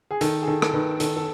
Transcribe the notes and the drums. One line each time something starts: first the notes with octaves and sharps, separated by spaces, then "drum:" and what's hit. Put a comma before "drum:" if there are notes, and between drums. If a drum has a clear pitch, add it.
G#4
D#3 A4, drum: hi-hat
G#4
D#3 A4
A4, drum: rim click
D#3 B4
D#3 A4, drum: hi-hat
A4